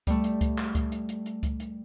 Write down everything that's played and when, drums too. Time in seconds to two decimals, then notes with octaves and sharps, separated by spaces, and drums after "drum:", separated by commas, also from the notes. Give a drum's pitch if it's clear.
0.07 G3 A3, drum: kick C#2, hi-hat
0.24 drum: hi-hat
0.41 drum: kick C#2, hi-hat
0.58 drum: clap
0.75 drum: kick C#2, hi-hat
0.92 drum: hi-hat
1.09 drum: hi-hat
1.26 drum: hi-hat
1.43 drum: kick C#2, hi-hat
1.60 drum: hi-hat